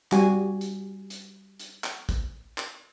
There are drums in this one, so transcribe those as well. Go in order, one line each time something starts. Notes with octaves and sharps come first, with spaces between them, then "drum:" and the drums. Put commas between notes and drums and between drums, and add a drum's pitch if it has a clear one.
G3 F#4 G#5, drum: clap
drum: hi-hat
drum: hi-hat
drum: hi-hat
drum: clap
drum: kick, hi-hat
drum: clap